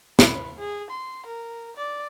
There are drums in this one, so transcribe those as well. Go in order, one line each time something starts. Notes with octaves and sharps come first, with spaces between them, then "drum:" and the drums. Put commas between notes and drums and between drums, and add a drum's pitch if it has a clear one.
B4, drum: snare
G#4
C6
A#4
D5